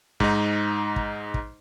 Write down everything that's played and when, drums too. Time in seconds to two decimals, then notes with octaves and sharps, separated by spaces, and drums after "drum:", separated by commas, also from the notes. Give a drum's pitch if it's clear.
0.20 G#2 D#4, drum: kick
0.96 drum: kick
1.34 drum: kick